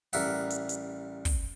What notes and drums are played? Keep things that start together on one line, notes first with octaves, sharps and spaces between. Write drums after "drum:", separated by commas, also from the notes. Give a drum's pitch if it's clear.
A1 G3 A#4 E5 F#5, drum: open hi-hat
drum: hi-hat
drum: hi-hat
drum: kick, open hi-hat